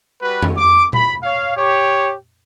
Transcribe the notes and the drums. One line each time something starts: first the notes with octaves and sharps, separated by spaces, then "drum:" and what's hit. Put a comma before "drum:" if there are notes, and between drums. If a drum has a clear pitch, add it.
G3 F#4 B4
drum: tom F2
D6
B5, drum: tom A#2
C#5 F5
G4 C#5